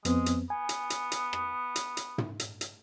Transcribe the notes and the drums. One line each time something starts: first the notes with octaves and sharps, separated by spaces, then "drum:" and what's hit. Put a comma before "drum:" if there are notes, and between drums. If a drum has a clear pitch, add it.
F2 G#3 B3 C4, drum: hi-hat
drum: hi-hat
B3 G#5
drum: hi-hat
drum: hi-hat
drum: hi-hat
drum: rim click
drum: hi-hat
drum: hi-hat
drum: tom
drum: hi-hat
drum: hi-hat